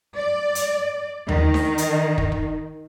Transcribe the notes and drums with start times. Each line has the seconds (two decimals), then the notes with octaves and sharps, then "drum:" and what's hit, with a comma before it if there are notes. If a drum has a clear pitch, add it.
0.15 D5
0.55 drum: hi-hat
1.29 D#3, drum: tom D#2
1.54 drum: snare D4
1.78 drum: hi-hat
2.18 drum: kick
2.32 drum: kick